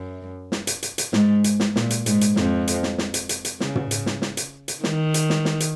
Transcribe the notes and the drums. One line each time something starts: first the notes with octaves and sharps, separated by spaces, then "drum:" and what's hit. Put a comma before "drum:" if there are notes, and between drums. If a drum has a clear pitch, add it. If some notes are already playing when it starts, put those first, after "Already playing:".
Already playing: F#2
drum: snare
drum: hi-hat
drum: hi-hat
drum: hi-hat
G#2, drum: snare
drum: hi-hat
drum: snare
A#2, drum: snare
drum: hi-hat
G#2, drum: hi-hat
drum: hi-hat
F2, drum: snare
drum: hi-hat
drum: snare
drum: snare
drum: hi-hat
drum: hi-hat
drum: hi-hat
C#3, drum: snare
drum: tom
drum: hi-hat
drum: snare
drum: snare
drum: hi-hat
drum: hi-hat
D#3, drum: snare
drum: hi-hat
drum: snare
drum: snare
drum: hi-hat